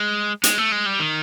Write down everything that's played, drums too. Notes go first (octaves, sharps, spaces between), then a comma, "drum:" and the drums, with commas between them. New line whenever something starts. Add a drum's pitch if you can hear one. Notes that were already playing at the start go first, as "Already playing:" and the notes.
Already playing: G#3
G#3, drum: hi-hat
A3
G#3
G3
D#3